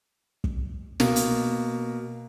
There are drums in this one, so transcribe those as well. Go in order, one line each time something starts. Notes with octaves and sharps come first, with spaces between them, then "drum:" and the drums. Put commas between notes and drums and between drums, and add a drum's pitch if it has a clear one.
drum: kick
B2 A#3, drum: snare
drum: hi-hat